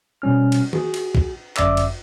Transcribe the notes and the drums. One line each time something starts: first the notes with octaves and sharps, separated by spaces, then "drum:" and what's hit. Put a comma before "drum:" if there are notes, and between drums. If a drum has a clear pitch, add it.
B2 G3 C#4 F6
drum: cymbal
F#4 G#4, drum: tom D#3
drum: cymbal
drum: kick
G1 F#2 D5 E5 D6 E6, drum: clap
drum: cymbal